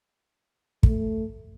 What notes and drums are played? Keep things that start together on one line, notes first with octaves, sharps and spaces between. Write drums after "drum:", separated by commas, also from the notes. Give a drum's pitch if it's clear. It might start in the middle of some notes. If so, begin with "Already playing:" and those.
A3, drum: kick